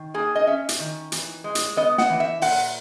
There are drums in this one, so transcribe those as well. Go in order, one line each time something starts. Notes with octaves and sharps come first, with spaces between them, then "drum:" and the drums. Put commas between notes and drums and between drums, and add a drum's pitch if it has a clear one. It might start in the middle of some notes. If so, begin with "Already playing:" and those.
Already playing: D#3
A#3 G#4
D#5
C#4 E5
drum: hi-hat
D#3
E3, drum: hi-hat
G#3
drum: hi-hat
B3 D#5
F#5, drum: snare
E3
E5
A#2 F#5, drum: open hi-hat